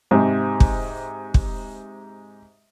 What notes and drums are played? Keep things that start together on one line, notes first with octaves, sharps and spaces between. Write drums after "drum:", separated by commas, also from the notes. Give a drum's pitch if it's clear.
G#2 C3
drum: kick
drum: kick